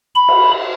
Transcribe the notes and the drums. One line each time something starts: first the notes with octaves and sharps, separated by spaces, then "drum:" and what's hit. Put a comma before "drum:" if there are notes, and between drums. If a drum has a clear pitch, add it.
B5
drum: cymbal